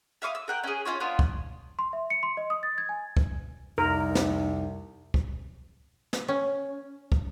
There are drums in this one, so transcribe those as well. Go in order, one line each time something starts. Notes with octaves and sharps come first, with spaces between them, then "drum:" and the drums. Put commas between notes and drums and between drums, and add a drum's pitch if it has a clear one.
E5 F5 C#6 D#6
E6
A#4 F#5 G5
C#4 G#4
C#4 D4 F4 C#5
B3 D4 F4
drum: kick
C6
E5
C#7
C6
D#5
D#6
A6
G#6
G#5
drum: kick
C2 F2 C3 D#4 A#4
drum: snare
drum: kick
drum: snare
C#4
drum: kick